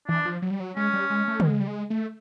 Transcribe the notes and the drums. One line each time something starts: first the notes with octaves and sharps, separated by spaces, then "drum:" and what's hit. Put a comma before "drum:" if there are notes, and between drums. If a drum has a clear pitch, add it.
E3 D4
F3
F#3
G3
F#3
G#3 C#4
G3
G#3
A3
G3, drum: tom C#3
G#3
G3
G#3
A3